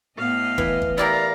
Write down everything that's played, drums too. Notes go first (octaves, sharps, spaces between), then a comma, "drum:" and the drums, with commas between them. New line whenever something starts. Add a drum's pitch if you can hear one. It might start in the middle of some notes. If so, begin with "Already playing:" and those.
A2 B3 D#5 F5
E3, drum: kick
drum: kick
E4 G4 A#4 D5 F5 A#5